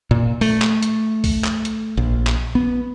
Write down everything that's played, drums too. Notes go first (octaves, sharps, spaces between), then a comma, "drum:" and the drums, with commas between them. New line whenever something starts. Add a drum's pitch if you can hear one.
A#2
A3, drum: open hi-hat
drum: clap
drum: hi-hat
drum: kick B1, open hi-hat
drum: clap
drum: hi-hat
A#1
drum: clap
B3